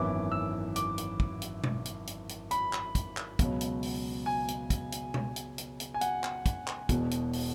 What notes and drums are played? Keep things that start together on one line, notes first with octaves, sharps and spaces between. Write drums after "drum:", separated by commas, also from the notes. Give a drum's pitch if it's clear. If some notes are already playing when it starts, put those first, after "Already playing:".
Already playing: G#1 F#2 E3 B3 E4 D6
E6
D6, drum: hi-hat
drum: hi-hat
drum: kick
drum: hi-hat
drum: tom B2
drum: hi-hat
drum: hi-hat
drum: hi-hat
B5, drum: hi-hat
drum: clap
drum: kick, hi-hat
drum: clap
C#2 B2 F#3, drum: kick, hi-hat
drum: hi-hat
drum: open hi-hat
G#5
drum: hi-hat
drum: kick, hi-hat
drum: hi-hat
drum: tom B2
drum: hi-hat
drum: hi-hat
drum: hi-hat
G#5
F#5, drum: hi-hat
drum: clap
drum: kick, hi-hat
drum: clap
E1 E2 B2, drum: kick, hi-hat
drum: hi-hat
drum: open hi-hat